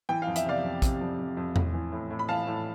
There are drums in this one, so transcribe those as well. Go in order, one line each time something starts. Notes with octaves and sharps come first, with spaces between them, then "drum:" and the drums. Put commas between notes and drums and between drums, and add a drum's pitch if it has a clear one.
E3 G5
F2 F5
E5, drum: hi-hat
C3 D5 F5
F2
C3, drum: kick, hi-hat
F2
F2
F2
A2, drum: tom E2
E3
A2
A2
B5
E3 F5 A5
A2